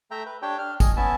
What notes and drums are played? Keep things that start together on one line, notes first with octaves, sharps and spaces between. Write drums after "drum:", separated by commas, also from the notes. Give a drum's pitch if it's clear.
A3 E5 G5 A#5
B4
D4 G4 C#5 G5
D4 F6
D#5 G#5, drum: kick G#1, tambourine
B3 C#4 E4 E5 G#5 A5